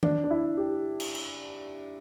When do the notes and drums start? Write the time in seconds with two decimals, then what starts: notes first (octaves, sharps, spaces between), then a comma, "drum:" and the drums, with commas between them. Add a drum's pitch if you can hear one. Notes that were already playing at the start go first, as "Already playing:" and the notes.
0.03 D4, drum: tom D#3
0.24 D4
0.30 E4
0.57 G4
1.00 drum: cymbal
1.15 drum: cymbal